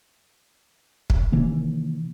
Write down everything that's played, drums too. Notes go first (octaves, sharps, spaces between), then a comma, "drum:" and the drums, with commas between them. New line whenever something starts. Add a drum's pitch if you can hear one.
drum: kick
C3 D#3 E3 A#3